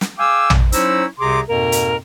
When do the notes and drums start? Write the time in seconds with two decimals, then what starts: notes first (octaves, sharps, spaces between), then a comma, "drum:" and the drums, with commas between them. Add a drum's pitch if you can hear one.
0.01 drum: snare
0.19 G#4 F5 G5 G#5 D6 E6
0.50 drum: tom
0.72 F#3 C#4 D#4 E4 C5 E6, drum: hi-hat
1.19 C2 C3 G#4 A#5 C6 D6
1.48 F2 G#2 B2 A#3 A#4
1.72 drum: hi-hat